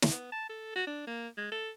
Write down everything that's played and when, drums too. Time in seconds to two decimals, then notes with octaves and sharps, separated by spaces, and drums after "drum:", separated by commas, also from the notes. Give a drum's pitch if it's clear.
0.02 drum: snare
0.11 B3
0.32 A5
0.49 A4
0.75 F#4
0.87 D4
1.07 A#3
1.37 G#3
1.52 A4